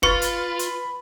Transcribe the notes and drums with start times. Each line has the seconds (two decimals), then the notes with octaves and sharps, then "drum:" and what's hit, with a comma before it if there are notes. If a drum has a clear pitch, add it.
0.03 F4 B4 B5 C#6 F6 A6 C#7, drum: kick
0.22 drum: hi-hat
0.59 drum: hi-hat